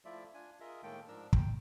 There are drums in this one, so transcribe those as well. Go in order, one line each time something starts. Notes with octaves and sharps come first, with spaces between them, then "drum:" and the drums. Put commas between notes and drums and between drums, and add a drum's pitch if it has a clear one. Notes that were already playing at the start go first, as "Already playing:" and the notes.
F3 A3 E4 F4 D5 E5
D4 F4 G#5
F4 G#4 A#4 D#5 E5
A2 D#3 G#3 A#3 A4 G5
G#2 F3 D4 A#4 E6
G5, drum: kick